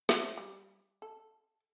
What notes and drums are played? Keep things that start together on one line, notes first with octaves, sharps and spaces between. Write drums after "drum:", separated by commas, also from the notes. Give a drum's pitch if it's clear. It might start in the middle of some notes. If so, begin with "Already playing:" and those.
E5, drum: snare
G3
A4